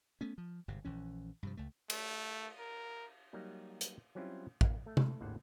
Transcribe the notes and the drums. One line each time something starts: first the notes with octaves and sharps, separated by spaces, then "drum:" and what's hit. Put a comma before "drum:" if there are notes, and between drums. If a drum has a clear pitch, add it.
A3 B3 C#4
F3
G1 G#2 C3
A#1 E3 C#4
G2 C3 F3
C#2 A3
A3, drum: cymbal
A#4
F#3 G3 A#3 D#4
drum: hi-hat
F#3 G3 C4 C#4 E4 F4
A#3, drum: kick
A3
drum: tom
G#1 D#2 A2 D3 C5 F#5